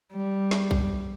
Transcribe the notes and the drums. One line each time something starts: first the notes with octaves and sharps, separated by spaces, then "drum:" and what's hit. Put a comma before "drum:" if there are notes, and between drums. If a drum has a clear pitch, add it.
G3
drum: snare
drum: kick B1